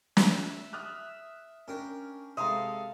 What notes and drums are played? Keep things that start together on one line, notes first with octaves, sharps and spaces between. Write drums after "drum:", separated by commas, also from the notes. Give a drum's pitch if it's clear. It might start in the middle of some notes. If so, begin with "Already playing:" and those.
E5, drum: snare
D#6 F6 F#6
C#4 D4 G4 A#4
G#2 C3 A4 C5 E5 F5 A#5 D#6